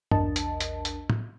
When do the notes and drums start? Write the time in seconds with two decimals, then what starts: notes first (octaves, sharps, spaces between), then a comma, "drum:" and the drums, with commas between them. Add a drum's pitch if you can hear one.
0.11 A#1 E2 D4 A#4 D#5 A5, drum: tom G2
0.36 drum: hi-hat
0.60 drum: hi-hat
0.85 drum: hi-hat
1.10 drum: tom